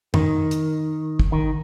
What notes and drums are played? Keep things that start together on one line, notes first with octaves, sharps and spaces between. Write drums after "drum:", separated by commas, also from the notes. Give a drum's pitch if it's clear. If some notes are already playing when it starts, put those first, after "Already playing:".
D#3, drum: tom
drum: hi-hat
drum: kick
D#3